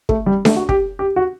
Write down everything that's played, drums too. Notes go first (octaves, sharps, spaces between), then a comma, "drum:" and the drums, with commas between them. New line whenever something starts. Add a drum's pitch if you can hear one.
A3, drum: kick
G3
A3, drum: snare D4
F#4
G4, drum: kick
G4
F#4